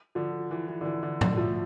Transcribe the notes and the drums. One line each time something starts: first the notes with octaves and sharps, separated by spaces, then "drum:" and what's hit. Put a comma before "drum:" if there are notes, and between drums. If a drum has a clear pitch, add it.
D3 F3
E3
E3
D3
E3
D3
D3, drum: tom
F3 A3